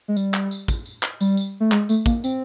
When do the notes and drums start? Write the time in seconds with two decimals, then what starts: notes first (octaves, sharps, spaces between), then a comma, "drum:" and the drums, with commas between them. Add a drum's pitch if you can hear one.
0.08 G#3
0.17 G3, drum: tambourine
0.34 drum: clap
0.51 drum: tambourine
0.68 drum: kick, tambourine
0.86 drum: tambourine
1.03 drum: clap
1.21 G3, drum: tambourine
1.37 drum: tambourine
1.60 A3
1.72 G#3, drum: clap
1.89 A3, drum: tambourine
2.06 A#3, drum: kick, tambourine
2.24 C4, drum: tambourine